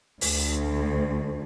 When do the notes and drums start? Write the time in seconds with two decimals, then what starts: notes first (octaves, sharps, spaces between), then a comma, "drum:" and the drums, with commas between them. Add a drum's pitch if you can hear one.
0.21 D2, drum: open hi-hat